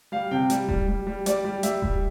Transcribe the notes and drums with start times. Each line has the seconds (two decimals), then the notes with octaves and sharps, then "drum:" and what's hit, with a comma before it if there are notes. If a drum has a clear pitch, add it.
0.12 G3 F5
0.31 C3 G5
0.50 G3, drum: hi-hat
0.69 G3, drum: kick D#1
0.88 G3
1.07 G3
1.26 G3 D5, drum: hi-hat
1.45 G3
1.63 G3 E5, drum: hi-hat
1.82 G3, drum: kick D#1